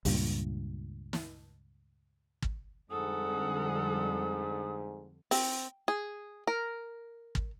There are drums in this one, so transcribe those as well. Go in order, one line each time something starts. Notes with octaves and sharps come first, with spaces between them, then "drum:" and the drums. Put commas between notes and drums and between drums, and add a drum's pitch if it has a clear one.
C#2 G2 A#2, drum: open hi-hat
drum: snare
drum: kick
F2 G#2 D3 G3 A4 F#5 D#6
C4, drum: open hi-hat
G#4
A#4
drum: kick